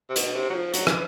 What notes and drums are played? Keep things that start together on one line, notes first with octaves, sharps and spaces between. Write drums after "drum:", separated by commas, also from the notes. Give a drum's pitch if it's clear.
C3
B2, drum: hi-hat
C3
F#3
F3
F#3, drum: hi-hat
E3, drum: rim click